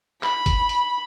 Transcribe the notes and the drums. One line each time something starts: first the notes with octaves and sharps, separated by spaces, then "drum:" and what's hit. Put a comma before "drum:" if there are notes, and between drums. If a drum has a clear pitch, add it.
B5, drum: clap
drum: kick, hi-hat
drum: hi-hat